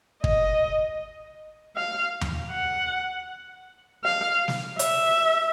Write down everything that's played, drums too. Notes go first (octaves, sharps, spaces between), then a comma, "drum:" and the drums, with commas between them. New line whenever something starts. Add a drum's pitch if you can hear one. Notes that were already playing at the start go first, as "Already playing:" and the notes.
D#5, drum: kick
F5
drum: tom D#2
F#5
F5
drum: snare
E5, drum: hi-hat